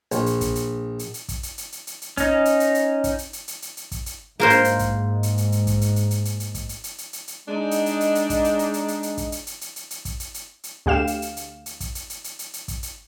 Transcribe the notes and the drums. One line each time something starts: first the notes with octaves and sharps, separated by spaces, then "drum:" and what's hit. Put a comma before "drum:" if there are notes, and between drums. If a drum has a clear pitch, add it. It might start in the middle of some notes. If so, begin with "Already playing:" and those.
A#1, drum: hi-hat
drum: hi-hat
drum: kick, hi-hat
drum: hi-hat
drum: hi-hat
drum: hi-hat
drum: kick, hi-hat
drum: hi-hat
drum: hi-hat
drum: hi-hat
drum: hi-hat
drum: hi-hat
C#4 D#4, drum: kick, hi-hat
drum: hi-hat
drum: hi-hat
drum: hi-hat
drum: kick, hi-hat
drum: hi-hat
drum: hi-hat
drum: hi-hat
drum: hi-hat
drum: hi-hat
drum: kick, hi-hat
drum: hi-hat
G#2 A#3 A#4 C5
drum: hi-hat
drum: hi-hat
drum: kick, hi-hat
drum: hi-hat
drum: hi-hat
drum: hi-hat
drum: kick, hi-hat
drum: hi-hat
drum: hi-hat
drum: hi-hat
drum: hi-hat
drum: hi-hat
drum: kick, hi-hat
drum: hi-hat
drum: hi-hat
drum: hi-hat
drum: hi-hat
drum: hi-hat
G#3 D4 D#4
drum: hi-hat
drum: hi-hat
drum: hi-hat
drum: hi-hat
drum: kick, hi-hat
drum: hi-hat
drum: hi-hat
drum: hi-hat
drum: hi-hat
drum: hi-hat
drum: kick, hi-hat
drum: hi-hat
drum: hi-hat
drum: hi-hat
drum: hi-hat
drum: hi-hat
drum: kick, hi-hat
drum: hi-hat
drum: hi-hat
drum: hi-hat
D2 G4 F5 E7
drum: hi-hat
drum: hi-hat
drum: hi-hat
drum: hi-hat
drum: kick, hi-hat
drum: hi-hat
drum: hi-hat
drum: hi-hat
drum: hi-hat
drum: hi-hat
drum: kick, hi-hat
drum: hi-hat